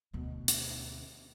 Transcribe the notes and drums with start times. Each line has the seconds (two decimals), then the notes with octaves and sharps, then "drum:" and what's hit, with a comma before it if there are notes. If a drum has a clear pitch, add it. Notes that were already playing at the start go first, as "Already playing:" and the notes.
0.13 D2 B2
0.48 drum: hi-hat